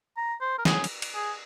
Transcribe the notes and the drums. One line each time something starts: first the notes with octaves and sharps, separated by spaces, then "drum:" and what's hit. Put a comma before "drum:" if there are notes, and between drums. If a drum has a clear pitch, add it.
A#5
C5
A#4
G#4, drum: snare
drum: cymbal
drum: cymbal
G#4